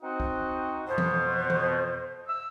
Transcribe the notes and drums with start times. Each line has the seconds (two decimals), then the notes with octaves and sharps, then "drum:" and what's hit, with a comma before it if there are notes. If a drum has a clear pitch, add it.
0.03 C4 D#4 F#4
0.20 drum: kick
0.88 F2 B2 C5
0.98 drum: tom E3
1.50 drum: tom E3
2.28 E6